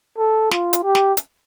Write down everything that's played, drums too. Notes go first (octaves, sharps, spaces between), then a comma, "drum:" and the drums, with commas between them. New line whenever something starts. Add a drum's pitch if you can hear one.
A4
F4, drum: snare
drum: hi-hat
G4
drum: snare
drum: hi-hat